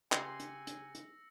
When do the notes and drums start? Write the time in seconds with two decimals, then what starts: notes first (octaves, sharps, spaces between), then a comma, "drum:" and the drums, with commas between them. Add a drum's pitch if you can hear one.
0.12 C#3 G4 G#5 C6 E6 A#6 C#7, drum: clap
0.40 drum: hi-hat
0.67 drum: hi-hat
0.95 drum: hi-hat